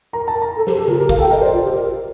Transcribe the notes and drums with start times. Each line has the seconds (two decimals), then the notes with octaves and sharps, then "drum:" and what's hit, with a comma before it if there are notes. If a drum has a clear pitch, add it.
0.13 A#4 A#5
0.28 A5
0.35 A#4
0.42 A#5
0.56 A4
0.67 G4 C5, drum: snare
0.78 G4 A4
0.88 F4 A#4, drum: tom C#3
1.00 G4 A#4
1.09 F5, drum: kick
1.18 A4 G5
1.31 A#4 D#5
1.42 C5 D5
1.53 F4
1.64 G4
1.74 A#4